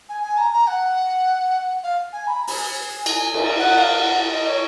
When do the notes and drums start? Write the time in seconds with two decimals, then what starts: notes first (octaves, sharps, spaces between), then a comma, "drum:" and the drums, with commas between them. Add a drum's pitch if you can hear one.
0.09 G#5
0.23 G#5
0.38 A#5
0.52 A#5
0.67 F#5
1.83 F5
2.13 G#5
2.27 B5
2.43 A#5
2.47 G#5, drum: open hi-hat
3.06 drum: cymbal
3.34 drum: cymbal
3.59 F#5
3.78 F5
3.98 F#5
4.32 D#5
4.47 C#5